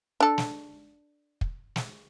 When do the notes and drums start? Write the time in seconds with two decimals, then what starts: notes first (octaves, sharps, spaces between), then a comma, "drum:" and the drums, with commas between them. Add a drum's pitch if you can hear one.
0.20 D4 A4
0.38 drum: snare
1.41 drum: kick
1.76 drum: snare